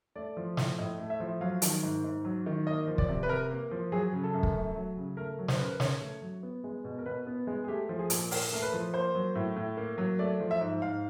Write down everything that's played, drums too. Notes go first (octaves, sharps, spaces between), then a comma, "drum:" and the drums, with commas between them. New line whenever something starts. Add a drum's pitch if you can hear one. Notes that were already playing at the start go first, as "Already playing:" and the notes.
A3 D5
F3
A2, drum: snare
A2 D#5
A3
E5
F3
F#3 F5
D#3, drum: hi-hat
G#2
G#2
F#3
D#3
A#3 D#5
F3
D5, drum: kick
C3
B4
C3 A#4
A#3
F3
F#3 G#4
C#3
A4
F#2
drum: kick
A3
F#3
C#3
A3 A#4
F#3
C5, drum: snare
B4
C#3 A#4
B4
C#3 C#5, drum: snare
A3
F#3
B3
G#3
B2
A#4
B2 B4
B3
G#3
G#4
A3 G4
F3
G#4
A#2, drum: hi-hat
A#2 A#4, drum: open hi-hat
A3 A#4
B4
F3
A#3 C5
F#3
A2
A2
A#3
F#3
A3 D5
F3
E5
G#2
G#2 F5